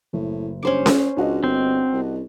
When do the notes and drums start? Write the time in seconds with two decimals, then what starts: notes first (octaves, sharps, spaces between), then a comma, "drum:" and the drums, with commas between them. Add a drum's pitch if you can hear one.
0.13 F#1 A2
0.63 G2 C#4 C5 D6
0.86 drum: snare C#4
1.17 C#2 D4 F#4 D#5
1.44 G1 C4
1.93 C2